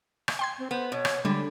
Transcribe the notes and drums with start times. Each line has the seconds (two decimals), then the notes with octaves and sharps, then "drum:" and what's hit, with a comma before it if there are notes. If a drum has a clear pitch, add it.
0.28 drum: rim click
0.39 G5 C6 G#6
0.59 C4
0.71 B3 C5
0.92 B2 C#5
1.05 drum: rim click
1.25 D3 G3 G#3 B5